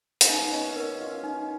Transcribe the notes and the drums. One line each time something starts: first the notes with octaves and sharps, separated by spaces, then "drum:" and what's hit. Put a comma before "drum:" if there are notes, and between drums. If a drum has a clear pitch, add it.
C#4, drum: open hi-hat
B3 D#4
C#4 D#5
C#4 A#4
F4 D#5
D#4